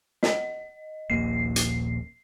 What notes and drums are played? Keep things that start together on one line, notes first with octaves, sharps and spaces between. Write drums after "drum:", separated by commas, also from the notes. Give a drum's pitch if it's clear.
D#5, drum: snare
D#1 A#1 A#3 C7
drum: hi-hat